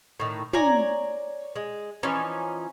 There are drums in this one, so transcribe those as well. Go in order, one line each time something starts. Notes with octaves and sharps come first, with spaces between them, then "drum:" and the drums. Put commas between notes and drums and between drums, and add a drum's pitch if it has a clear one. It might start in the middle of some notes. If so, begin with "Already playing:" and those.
A2 D#3
C#5 D5 G#5 A#5, drum: tom
G#3
E3 F3 C#4 D#4